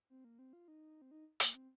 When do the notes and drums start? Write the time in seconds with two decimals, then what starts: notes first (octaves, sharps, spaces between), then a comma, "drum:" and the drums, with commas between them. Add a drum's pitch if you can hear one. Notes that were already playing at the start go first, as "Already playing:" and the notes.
0.10 C4
0.24 A#3
0.39 C4
0.53 F4
0.68 D#4
1.02 C4
1.11 D#4
1.40 A#3, drum: hi-hat
1.54 C4